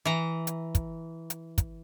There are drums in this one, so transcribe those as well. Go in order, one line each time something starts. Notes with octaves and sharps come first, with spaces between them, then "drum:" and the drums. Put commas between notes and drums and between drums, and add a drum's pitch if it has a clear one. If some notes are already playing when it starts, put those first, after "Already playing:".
E3 A#5
drum: hi-hat
drum: kick, hi-hat
drum: hi-hat
drum: kick, hi-hat